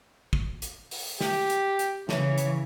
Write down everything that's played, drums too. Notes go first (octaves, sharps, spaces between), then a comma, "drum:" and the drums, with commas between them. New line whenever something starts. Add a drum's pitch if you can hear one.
drum: kick
drum: hi-hat
drum: open hi-hat
G4, drum: snare
drum: hi-hat
drum: hi-hat
C#3 E3 C#5, drum: snare
drum: hi-hat